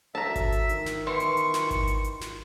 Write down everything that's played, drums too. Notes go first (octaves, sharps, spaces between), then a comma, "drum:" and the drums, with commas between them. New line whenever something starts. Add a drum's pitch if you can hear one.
D2 E5 A5 A#5
drum: kick G#1, hi-hat
drum: hi-hat
D#3, drum: hi-hat
drum: snare
E3 C6 C#6
drum: hi-hat
drum: hi-hat
drum: snare
drum: kick G#1, hi-hat
drum: hi-hat
drum: hi-hat
drum: snare